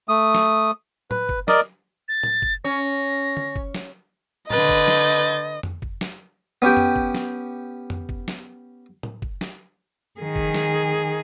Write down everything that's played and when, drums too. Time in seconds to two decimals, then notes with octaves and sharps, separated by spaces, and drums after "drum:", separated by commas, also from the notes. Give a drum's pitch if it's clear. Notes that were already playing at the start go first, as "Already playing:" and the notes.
0.09 A3 D#6
0.35 drum: snare
1.11 B4, drum: tom A2
1.29 drum: kick F#1
1.48 A#4 D5 D#5, drum: snare
2.08 A6
2.23 drum: tom A2
2.42 drum: kick F#1
2.64 C#4 A#6
3.37 drum: tom D3
3.56 drum: kick F#1
3.74 drum: snare
4.50 D3 B4 D#5 G6 A6, drum: tom A2
4.69 drum: kick F#1
4.88 drum: snare
5.63 drum: tom F2
5.82 drum: kick F#1
6.01 drum: snare
6.62 B3 C#4 G4 G5
6.77 drum: tom F2
6.96 drum: kick F#1
7.14 drum: snare
7.90 drum: tom F2
8.09 drum: kick F#1
8.28 drum: snare
9.03 drum: tom A2
9.22 drum: kick F#1
9.41 drum: snare
10.20 D#3 G#4
10.36 drum: kick F#1
10.54 drum: snare